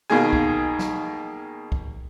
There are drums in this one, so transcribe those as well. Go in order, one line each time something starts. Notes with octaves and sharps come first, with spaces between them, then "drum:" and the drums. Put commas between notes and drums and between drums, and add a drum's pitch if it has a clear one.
B2 D#3 A#3 G#4 G#5
drum: kick
drum: snare
drum: kick